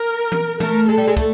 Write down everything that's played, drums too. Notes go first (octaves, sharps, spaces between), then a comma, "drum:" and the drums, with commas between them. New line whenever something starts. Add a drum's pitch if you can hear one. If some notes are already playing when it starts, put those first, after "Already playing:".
Already playing: A#4
drum: tom E3
A3 A#4, drum: tom E3
G#3 A4
G3
G#3
A3, drum: kick